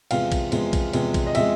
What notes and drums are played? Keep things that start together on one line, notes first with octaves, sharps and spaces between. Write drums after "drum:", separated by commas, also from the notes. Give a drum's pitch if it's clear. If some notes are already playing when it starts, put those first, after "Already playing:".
E2 C3 F3 G#3 F5, drum: cymbal
drum: kick A#1, cymbal
E2 C3 F3 G#3, drum: cymbal
drum: kick A#1, cymbal
E2 C3 F3 G#3, drum: cymbal
drum: kick A#1, cymbal
D#5
C3 F3 G#3 E5, drum: cymbal